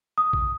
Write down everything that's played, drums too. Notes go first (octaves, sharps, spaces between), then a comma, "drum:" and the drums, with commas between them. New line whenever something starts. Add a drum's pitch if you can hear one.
D#6
drum: kick A#1